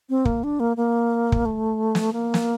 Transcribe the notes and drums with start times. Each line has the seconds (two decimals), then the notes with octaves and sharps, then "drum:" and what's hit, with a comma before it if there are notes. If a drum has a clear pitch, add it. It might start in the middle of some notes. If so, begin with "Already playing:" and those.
0.10 C4
0.25 A#3, drum: kick
0.44 D4
0.60 A#3
0.77 A#3
1.32 drum: kick
1.45 A3
1.95 drum: snare
2.13 A#3
2.34 drum: snare